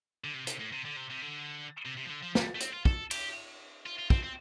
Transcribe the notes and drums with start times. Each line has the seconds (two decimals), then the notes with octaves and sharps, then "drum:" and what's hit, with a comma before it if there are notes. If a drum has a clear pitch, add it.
0.24 D3
0.34 C3
0.47 C3, drum: hi-hat
0.60 A2
0.73 C3
0.85 D3
0.97 C3
1.10 C3
1.22 D3
1.86 C3
1.97 C3
2.05 F3
2.10 D3
2.23 F3
2.35 G3, drum: snare
2.55 A3
2.60 C4, drum: hi-hat
2.73 F4
2.85 A4, drum: kick
3.11 G4, drum: cymbal
3.86 F4
3.98 F4
4.10 C4, drum: kick
4.23 C4